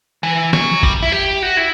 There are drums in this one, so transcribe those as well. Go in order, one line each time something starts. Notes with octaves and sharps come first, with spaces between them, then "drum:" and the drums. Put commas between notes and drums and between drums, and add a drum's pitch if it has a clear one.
E3
F#3, drum: snare
G3, drum: kick G1
E4
G4
F#4
E4